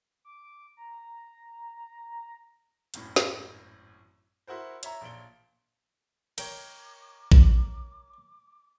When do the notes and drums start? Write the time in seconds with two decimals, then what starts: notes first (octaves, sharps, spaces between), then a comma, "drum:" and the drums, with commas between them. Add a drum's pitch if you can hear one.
0.25 D6
0.77 A#5
2.94 G#1 F#2 A2, drum: hi-hat
3.16 drum: snare
4.47 E4 F#4 A#4 C5
4.83 C#5 E5 A#5, drum: hi-hat
5.01 A#1 A#2 D7 G7
6.38 A#4 C#5 G5 D6, drum: cymbal
7.32 drum: kick A#1